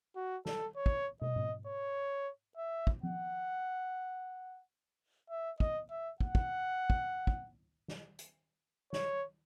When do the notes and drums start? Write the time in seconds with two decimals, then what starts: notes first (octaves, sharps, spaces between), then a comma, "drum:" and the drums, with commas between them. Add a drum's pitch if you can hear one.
0.16 F#4
0.46 A4, drum: snare
0.76 C#5
0.86 drum: kick
1.22 D#5, drum: tom
1.36 drum: tom G#2
1.67 C#5
2.57 E5
2.87 drum: kick
3.03 F#5, drum: tom F3
5.30 E5
5.60 D#5, drum: kick
5.91 E5
6.20 F#5, drum: kick
6.35 drum: kick
6.90 drum: kick
7.27 drum: kick
7.88 drum: snare
8.19 drum: hi-hat
8.93 C#5, drum: snare